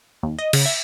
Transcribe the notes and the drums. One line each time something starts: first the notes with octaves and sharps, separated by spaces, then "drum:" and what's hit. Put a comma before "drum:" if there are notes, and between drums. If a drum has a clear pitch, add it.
D#2
D#5
C#3, drum: cymbal
E5